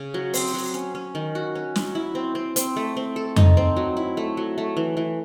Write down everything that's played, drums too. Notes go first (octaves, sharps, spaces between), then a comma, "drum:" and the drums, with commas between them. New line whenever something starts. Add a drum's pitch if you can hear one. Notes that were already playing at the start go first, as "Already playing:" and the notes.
Already playing: C#3
F#3
C4, drum: open hi-hat
F#3
C#4
C#4
D#3
F#4
C#4
F#3, drum: snare
E4
C4
C4
C4, drum: hi-hat
A3
C4
A4
D#4, drum: tom F2
C4
F#3
E4
A3
F#3
A3
E3
E3